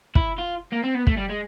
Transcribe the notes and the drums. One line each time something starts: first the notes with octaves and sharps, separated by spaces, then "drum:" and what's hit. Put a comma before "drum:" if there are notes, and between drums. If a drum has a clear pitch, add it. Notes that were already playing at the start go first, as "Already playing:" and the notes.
E4, drum: kick
F4
A#3
C4
B3
A3, drum: kick
G3
G#3